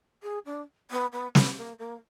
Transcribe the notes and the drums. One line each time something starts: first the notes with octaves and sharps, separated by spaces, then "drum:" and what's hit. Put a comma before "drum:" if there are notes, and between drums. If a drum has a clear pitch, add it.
G#4
D4
B3
B3
B3, drum: snare
A#3
A#3